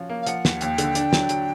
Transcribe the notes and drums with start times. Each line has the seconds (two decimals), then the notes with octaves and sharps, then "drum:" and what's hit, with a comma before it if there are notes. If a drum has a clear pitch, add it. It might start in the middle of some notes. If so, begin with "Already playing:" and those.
Already playing: F3 C#4 F#4
0.09 A#3
0.21 F5
0.27 F3 F#5, drum: hi-hat
0.45 D#2, drum: snare
0.61 D#2 G5, drum: hi-hat
0.78 D3, drum: hi-hat
0.95 D4, drum: hi-hat
1.13 F#3, drum: snare
1.29 F#3, drum: hi-hat